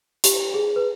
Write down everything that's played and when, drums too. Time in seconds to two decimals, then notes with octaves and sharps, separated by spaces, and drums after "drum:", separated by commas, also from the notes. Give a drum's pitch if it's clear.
0.24 G4, drum: hi-hat
0.54 G#4
0.76 B4